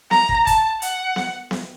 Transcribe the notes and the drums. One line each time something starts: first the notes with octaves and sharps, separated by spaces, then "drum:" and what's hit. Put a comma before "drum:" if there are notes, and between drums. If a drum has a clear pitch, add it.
A#5, drum: snare B3
drum: kick
A5, drum: kick, hi-hat
F#5, drum: hi-hat
drum: snare B3
drum: snare B3